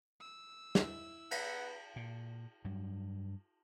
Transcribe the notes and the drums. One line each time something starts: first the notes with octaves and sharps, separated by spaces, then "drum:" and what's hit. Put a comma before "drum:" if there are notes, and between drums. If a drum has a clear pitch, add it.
E6
E4, drum: snare
B3 F#5 A#5, drum: cymbal
A#2
G2 F#3